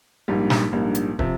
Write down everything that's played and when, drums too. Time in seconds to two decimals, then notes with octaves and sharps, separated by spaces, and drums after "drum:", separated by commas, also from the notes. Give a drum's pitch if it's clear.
0.28 A#1 G#2 G3 A#3 D4
0.50 drum: snare
0.72 A#1 G#2 G3 A#3 D4
0.95 drum: hi-hat
1.19 C3 F3, drum: kick